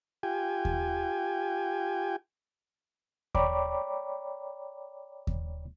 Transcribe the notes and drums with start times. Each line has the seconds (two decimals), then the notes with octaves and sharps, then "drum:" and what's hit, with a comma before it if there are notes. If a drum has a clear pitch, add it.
0.23 F4 G4 G5 G#5
0.65 drum: kick D#2
3.35 C#5 D5 G5 A#5 B5 D6, drum: kick D#2
5.27 drum: kick D#2